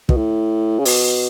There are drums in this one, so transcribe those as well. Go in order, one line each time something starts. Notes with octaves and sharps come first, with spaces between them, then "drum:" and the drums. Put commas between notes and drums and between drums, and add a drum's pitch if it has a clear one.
B2, drum: kick
A2
C#3
B2, drum: open hi-hat